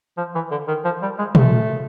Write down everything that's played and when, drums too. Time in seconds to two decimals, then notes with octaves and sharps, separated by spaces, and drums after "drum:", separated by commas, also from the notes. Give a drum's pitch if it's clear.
0.17 F3
0.35 E3
0.51 D3
0.68 D#3
0.85 F3
1.02 G3
1.19 G#3
1.35 A3, drum: tom